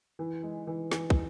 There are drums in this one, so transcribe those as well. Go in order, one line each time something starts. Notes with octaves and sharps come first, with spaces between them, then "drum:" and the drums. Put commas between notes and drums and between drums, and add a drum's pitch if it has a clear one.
E3
G#3
E3
E3, drum: snare
drum: kick